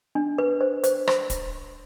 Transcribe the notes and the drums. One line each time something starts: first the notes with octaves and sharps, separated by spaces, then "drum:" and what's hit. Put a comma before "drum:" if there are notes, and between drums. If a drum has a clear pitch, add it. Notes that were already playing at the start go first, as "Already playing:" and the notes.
D4
B4
C5
C5, drum: hi-hat
C5, drum: rim click
drum: kick, hi-hat